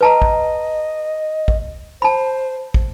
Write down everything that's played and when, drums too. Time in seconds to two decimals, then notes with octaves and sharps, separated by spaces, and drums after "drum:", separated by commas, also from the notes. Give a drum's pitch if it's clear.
0.01 B4 D#5 A5 A#5
0.22 drum: kick
1.48 drum: kick
2.02 C5 A5 B5
2.74 drum: kick